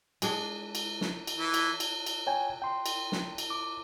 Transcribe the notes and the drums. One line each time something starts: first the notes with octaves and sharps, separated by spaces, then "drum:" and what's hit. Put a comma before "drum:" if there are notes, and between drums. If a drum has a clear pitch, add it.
G#3 D4 G#4, drum: cymbal
drum: cymbal
drum: snare
drum: cymbal
E3
drum: cymbal
drum: cymbal
drum: cymbal
C#5 G5 G#5
G5 C6
drum: cymbal
drum: snare
drum: cymbal
D6